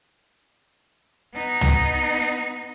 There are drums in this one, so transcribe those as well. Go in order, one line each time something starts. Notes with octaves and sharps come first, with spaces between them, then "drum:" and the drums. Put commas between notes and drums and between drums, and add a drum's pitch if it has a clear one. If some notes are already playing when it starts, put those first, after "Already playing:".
B3 D#4
drum: tom